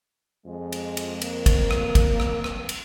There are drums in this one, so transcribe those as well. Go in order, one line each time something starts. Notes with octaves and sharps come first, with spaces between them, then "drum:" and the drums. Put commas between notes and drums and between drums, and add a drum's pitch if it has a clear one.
F2 G#3
drum: cymbal
drum: cymbal
A#3, drum: cymbal
drum: kick, cymbal
drum: rim click
drum: kick, cymbal
drum: rim click
drum: rim click
drum: cymbal